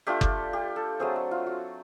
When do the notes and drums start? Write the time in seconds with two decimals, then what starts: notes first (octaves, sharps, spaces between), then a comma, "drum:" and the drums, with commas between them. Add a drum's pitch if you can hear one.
0.07 A3 D4 F4 G4
0.21 drum: kick F#1
0.53 G4
0.76 A4
1.00 F#3 A3 C4 G#4
1.16 F#4
1.31 F4
1.46 F#4